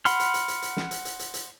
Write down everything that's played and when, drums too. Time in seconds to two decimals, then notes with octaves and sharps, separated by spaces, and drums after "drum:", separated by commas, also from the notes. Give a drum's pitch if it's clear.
0.05 F#5 B5 C6 F6, drum: hi-hat
0.20 drum: hi-hat
0.34 drum: hi-hat
0.48 drum: hi-hat
0.62 drum: hi-hat
0.77 drum: snare
0.91 drum: hi-hat
1.05 drum: hi-hat
1.19 drum: hi-hat
1.34 drum: hi-hat